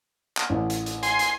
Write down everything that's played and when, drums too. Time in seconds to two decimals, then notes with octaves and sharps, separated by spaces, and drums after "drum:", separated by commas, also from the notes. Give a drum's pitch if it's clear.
0.37 drum: clap
0.50 A1
0.70 drum: hi-hat
0.86 drum: hi-hat
1.03 G#5 C6, drum: hi-hat
1.19 drum: hi-hat